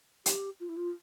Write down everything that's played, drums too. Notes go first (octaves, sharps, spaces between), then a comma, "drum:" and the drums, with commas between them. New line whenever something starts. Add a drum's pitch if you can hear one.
G4, drum: hi-hat
F4
E4
F4